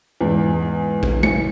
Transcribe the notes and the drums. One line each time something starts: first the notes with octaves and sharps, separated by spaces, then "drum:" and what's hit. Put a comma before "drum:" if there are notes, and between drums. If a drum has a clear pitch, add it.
E2 G#2
drum: kick
C#7, drum: tom G#3